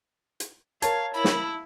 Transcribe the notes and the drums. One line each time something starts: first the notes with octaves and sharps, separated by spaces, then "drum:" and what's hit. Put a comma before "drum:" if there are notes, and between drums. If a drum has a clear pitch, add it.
drum: hi-hat
A#4 C#5 F5 A5 G#6, drum: hi-hat
E4 B5
drum: snare